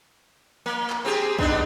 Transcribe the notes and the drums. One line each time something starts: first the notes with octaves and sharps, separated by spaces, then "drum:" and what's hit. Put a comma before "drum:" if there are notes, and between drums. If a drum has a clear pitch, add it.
A#3
drum: clap
C4 G4 G#4
B3 D4 D#4, drum: kick A#1